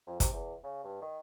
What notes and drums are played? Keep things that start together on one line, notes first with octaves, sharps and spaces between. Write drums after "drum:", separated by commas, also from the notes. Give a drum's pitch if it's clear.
F2
C3, drum: kick, hi-hat
E2
C#3
G2
D#3